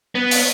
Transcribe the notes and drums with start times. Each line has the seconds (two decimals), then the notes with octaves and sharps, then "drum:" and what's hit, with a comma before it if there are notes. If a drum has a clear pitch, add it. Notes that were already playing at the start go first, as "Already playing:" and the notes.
0.15 B3
0.31 drum: open hi-hat